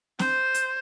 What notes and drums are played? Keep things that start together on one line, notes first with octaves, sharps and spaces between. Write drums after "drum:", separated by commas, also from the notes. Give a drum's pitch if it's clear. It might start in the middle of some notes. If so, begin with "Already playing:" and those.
C5, drum: snare C4
drum: hi-hat